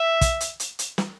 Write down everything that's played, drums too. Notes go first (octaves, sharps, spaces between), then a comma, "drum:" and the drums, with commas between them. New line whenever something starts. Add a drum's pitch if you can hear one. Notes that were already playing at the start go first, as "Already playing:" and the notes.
Already playing: E5
drum: kick, hi-hat
drum: hi-hat
drum: hi-hat
drum: hi-hat
drum: snare